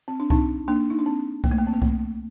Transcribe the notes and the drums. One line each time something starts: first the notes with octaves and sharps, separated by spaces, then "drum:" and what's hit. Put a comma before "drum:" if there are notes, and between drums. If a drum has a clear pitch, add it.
C4
D4
C4 D#4, drum: kick C2
A#3 D4
D#4
D4
C4
A#3, drum: kick C2
A3
A#3
C4
A#3
A3, drum: kick C2